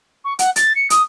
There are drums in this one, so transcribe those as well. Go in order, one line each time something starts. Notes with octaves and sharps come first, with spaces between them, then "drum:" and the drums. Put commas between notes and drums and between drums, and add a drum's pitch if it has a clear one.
C#6
F#5, drum: hi-hat
A6, drum: hi-hat
C#7
D#6, drum: hi-hat